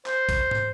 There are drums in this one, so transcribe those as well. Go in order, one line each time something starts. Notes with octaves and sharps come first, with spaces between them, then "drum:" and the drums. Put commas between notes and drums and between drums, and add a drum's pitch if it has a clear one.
C5, drum: clap
drum: kick A#1, hi-hat
drum: tom